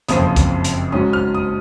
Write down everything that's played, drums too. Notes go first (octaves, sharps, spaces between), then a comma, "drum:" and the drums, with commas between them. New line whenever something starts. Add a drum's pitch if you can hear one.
F#1 F2 C#3 F3 C4 D#6, drum: hi-hat
drum: kick, hi-hat
drum: hi-hat
G#2 F#3 C#4 D#6
F6
D#6